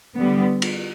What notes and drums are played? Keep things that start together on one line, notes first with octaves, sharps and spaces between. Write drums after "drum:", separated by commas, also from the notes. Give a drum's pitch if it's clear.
D3 G3 B3
drum: cymbal